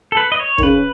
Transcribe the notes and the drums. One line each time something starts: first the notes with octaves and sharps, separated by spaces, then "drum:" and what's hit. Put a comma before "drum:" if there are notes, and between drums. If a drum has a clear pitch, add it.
A4
B4
D#5
C#5
D#3, drum: kick
C#3 B4